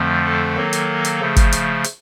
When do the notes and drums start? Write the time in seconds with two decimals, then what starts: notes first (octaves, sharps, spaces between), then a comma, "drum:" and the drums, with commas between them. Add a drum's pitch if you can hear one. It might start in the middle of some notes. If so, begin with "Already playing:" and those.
Already playing: F2 D3 F3 A3
0.25 A4
0.56 D#3 F#3 A#3
0.73 drum: hi-hat
1.05 drum: hi-hat
1.20 C#3 F3 A3
1.36 drum: kick, hi-hat
1.52 drum: hi-hat
1.84 drum: hi-hat